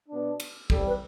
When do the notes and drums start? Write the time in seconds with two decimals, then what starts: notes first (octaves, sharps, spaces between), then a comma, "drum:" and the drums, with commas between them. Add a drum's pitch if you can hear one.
0.09 B2 B3 D4
0.40 drum: cymbal
0.70 E2 C3 G3 A4, drum: kick
0.85 B4